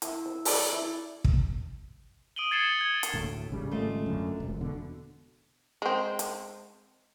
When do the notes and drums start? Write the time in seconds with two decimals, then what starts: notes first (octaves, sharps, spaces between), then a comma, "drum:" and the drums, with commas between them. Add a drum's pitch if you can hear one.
0.02 E4, drum: hi-hat
0.26 E6
0.45 D5, drum: open hi-hat
0.72 E4
1.24 drum: kick
2.36 D#6 D7 D#7 F#7 G7
2.51 G#6 A6 C7 C#7 E7 G7
2.81 G#6
3.03 drum: hi-hat
3.14 D2 A2 A3
3.50 G#1 C#3 G3
3.71 A3 F4 D#5
4.06 F#2 D3
4.40 E1
4.61 B2 D3
5.82 G#3 C4
6.19 drum: hi-hat